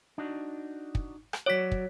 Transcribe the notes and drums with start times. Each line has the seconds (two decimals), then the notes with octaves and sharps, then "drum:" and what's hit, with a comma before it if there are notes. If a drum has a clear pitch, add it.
0.18 D4 D#4 F#4
0.95 drum: kick
1.33 drum: rim click
1.46 F#3 F#4 C#5 D5 B6
1.72 drum: kick